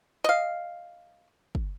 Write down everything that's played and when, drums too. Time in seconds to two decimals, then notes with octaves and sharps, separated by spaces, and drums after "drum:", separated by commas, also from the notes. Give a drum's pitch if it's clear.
0.24 D#5 F5
1.55 drum: kick